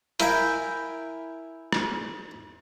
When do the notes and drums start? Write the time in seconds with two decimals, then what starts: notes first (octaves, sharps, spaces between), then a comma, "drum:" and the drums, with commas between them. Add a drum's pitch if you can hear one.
0.20 E4 A#4 E5 F5 G5 G#5, drum: hi-hat
1.72 drum: rim click